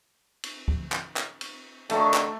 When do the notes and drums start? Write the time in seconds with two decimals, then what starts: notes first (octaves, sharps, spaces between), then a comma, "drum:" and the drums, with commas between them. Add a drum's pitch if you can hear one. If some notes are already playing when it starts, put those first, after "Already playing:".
0.44 drum: cymbal
0.68 drum: kick C#2
0.92 drum: clap
1.17 drum: clap
1.41 drum: cymbal
1.90 D3 D#3 A3 A5, drum: cymbal
2.14 drum: clap